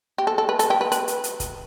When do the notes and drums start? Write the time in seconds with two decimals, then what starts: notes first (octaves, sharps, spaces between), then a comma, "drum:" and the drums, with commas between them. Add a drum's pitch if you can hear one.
0.18 G4
0.27 A4
0.38 A4
0.49 B4
0.59 A4, drum: hi-hat
0.70 G4
0.81 B4
0.92 B4, drum: hi-hat
1.08 drum: hi-hat
1.24 drum: hi-hat
1.40 drum: kick, hi-hat